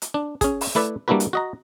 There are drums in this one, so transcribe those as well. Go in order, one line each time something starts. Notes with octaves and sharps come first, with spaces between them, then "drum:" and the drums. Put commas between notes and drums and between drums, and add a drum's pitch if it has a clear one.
drum: hi-hat
D4
C#4 G#4, drum: kick, hi-hat
drum: open hi-hat
A3 E4 B4 D5 E5
G3 A#3 D4 E4 F#4 B4
drum: hi-hat
F#4 D#5 A#5